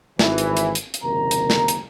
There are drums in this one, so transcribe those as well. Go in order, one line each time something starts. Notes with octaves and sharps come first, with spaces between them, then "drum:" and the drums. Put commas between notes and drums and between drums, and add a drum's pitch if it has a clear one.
G#1 E3, drum: snare
drum: hi-hat
drum: hi-hat
drum: hi-hat
drum: hi-hat
F#1 D#2 C3 A#4 A#5
drum: hi-hat
drum: snare
drum: hi-hat